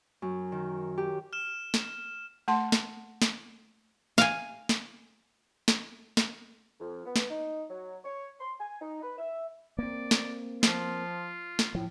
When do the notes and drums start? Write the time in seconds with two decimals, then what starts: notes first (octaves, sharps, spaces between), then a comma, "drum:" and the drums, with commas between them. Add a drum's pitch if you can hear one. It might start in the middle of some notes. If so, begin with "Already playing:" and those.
0.22 F#2
0.52 D#3
0.98 G4
1.33 F6 E7
1.74 drum: snare
2.48 A3 F#5 A5 C6
2.72 drum: snare
3.22 drum: snare
4.18 F5 G#5, drum: snare
4.69 drum: snare
5.68 drum: snare
6.17 drum: snare
6.80 F2
7.06 B3
7.16 drum: snare
7.30 D#4
7.70 F#3
8.04 C#5
8.40 C6
8.60 G#5
8.81 D#4
9.02 B4
9.18 E5
9.79 A#3 C4 D5
10.11 drum: snare
10.63 F3 F4, drum: snare
11.59 drum: snare
11.75 A2 F3